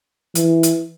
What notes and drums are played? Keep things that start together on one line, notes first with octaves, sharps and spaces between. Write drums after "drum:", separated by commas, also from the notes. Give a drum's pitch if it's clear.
E3, drum: hi-hat
drum: hi-hat